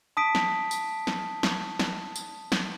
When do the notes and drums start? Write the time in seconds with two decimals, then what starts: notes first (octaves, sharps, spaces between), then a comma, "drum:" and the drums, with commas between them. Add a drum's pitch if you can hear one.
0.17 A5 D#6 B6 D7
0.35 drum: snare
0.71 drum: tambourine
1.07 drum: snare
1.43 drum: snare
1.79 drum: snare
2.16 drum: tambourine
2.52 drum: snare